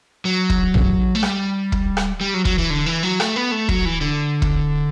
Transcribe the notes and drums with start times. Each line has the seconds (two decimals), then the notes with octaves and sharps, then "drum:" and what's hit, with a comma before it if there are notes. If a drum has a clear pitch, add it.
0.25 F#3
0.50 drum: kick
0.74 drum: tom A#1
1.15 A3
1.23 G3, drum: rim click
1.72 drum: kick
1.97 drum: rim click
2.21 G3
2.34 F#3
2.45 F#3, drum: kick
2.58 E3
2.71 D3
2.86 E3
3.03 F#3
3.20 A3, drum: rim click
3.36 B3
3.51 A3
3.69 F#3, drum: kick
3.85 E3
4.01 D3
4.42 drum: kick